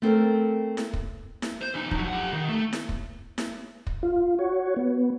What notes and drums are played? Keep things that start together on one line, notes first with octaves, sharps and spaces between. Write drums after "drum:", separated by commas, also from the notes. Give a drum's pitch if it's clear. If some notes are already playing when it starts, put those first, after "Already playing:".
A3 C4 A4 A#4
drum: snare E4
drum: kick
drum: snare E4
C5
E2 D#4
F3 F#3, drum: kick
G4 F#5
D#3
A3
drum: snare E4
drum: kick
drum: snare E4
drum: kick
F4
F#4 C#5
B3